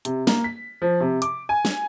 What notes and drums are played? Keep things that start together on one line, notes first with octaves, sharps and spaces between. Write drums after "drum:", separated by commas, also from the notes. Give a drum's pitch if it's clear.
C3, drum: hi-hat
A#3, drum: snare
B6
F3
C3
D6, drum: hi-hat
G#5
drum: snare